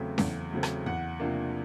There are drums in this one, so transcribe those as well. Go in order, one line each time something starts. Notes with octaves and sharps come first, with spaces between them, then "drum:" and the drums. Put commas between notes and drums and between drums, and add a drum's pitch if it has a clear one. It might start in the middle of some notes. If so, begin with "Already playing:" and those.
Already playing: E2 C#3 F#3 A3 C4
E2, drum: snare C#4
C#3 F#3 A3 C4
drum: rim click
E2 F#5
C3 F3 A#3 D4